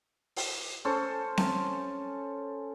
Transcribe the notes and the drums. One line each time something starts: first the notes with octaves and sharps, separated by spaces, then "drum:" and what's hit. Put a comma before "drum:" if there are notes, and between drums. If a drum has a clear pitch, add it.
drum: open hi-hat
C#4 A4 C5
drum: snare C4